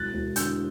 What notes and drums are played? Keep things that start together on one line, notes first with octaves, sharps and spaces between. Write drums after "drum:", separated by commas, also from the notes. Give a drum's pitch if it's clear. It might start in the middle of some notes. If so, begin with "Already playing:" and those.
Already playing: E1 F#6 A6
E1
D3 E6 G6, drum: hi-hat